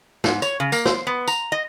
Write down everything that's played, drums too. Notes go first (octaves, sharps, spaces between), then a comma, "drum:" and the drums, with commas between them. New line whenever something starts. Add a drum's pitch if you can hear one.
G#2, drum: snare
C#5, drum: tambourine
C#3
A#3, drum: tambourine
C5, drum: snare
B3
A#5, drum: tambourine
D#5